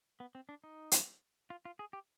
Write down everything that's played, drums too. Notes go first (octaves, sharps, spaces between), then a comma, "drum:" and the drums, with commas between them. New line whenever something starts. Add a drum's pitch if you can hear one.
B3
C4
D4
D#4
drum: hi-hat
F4
F4
G#4
G4